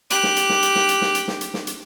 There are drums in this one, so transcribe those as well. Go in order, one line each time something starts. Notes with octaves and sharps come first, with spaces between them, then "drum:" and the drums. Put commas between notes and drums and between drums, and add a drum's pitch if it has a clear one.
G4 F#6, drum: hi-hat
drum: snare
drum: hi-hat
drum: snare
drum: hi-hat
drum: snare
drum: hi-hat
drum: snare
drum: hi-hat
drum: snare
drum: hi-hat
drum: snare
drum: hi-hat